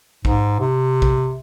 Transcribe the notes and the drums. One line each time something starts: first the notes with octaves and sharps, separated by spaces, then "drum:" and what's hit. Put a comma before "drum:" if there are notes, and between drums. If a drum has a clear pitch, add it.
G#2, drum: kick A#1
C3
drum: kick A#1